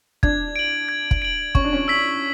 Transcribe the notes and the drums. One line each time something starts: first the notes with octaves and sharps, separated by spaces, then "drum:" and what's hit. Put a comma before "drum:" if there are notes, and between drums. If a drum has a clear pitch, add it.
D4 G#6, drum: kick
D7 F#7
G#6
drum: kick
D7 F#7
C#4 C#6, drum: kick
D4
C#4
E6 B6 F#7